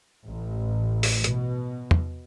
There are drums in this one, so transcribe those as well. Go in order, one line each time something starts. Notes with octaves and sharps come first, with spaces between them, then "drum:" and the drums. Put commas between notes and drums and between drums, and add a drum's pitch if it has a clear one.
A1
drum: open hi-hat
B2, drum: hi-hat
drum: tom